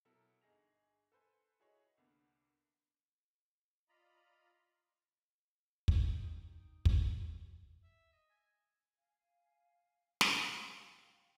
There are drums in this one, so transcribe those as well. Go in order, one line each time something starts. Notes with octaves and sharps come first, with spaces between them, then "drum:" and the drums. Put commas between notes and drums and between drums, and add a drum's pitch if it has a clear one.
B2 F#3 E4 A4 A#4
G1 D#4 G#4 A#6 F7
A4 B4 C5 G#5
E4 F#4 G#4 B4 C#5 D#5
C2 D3 A#3 B3
F4 D5 D#5 A#5 B5
drum: kick
D#4 G5
drum: kick
E5
D#5
G#5
F5 G#5
F5 G5, drum: snare